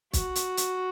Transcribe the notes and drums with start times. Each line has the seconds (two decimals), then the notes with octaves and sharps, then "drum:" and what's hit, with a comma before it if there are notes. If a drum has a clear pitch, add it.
0.13 F#4, drum: kick, hi-hat
0.35 drum: hi-hat
0.57 drum: hi-hat